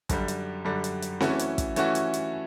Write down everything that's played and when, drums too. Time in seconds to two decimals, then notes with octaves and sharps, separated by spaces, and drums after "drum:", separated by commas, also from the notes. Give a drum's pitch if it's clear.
0.09 F#2 D3 G3, drum: kick, hi-hat
0.28 drum: hi-hat
0.65 F#2 D3 G3
0.84 drum: hi-hat
1.02 drum: hi-hat
1.20 E3 A3 C#4 F#4, drum: snare C4
1.39 drum: hi-hat
1.58 drum: kick, hi-hat
1.76 E3 A3 C#4 F#4, drum: hi-hat
1.95 drum: hi-hat
2.13 drum: hi-hat